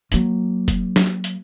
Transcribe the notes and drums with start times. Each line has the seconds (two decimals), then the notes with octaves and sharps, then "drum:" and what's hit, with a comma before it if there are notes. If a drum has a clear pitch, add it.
0.12 F#3 A#3, drum: hi-hat
0.68 drum: kick F1, hi-hat
0.96 drum: snare
1.24 drum: hi-hat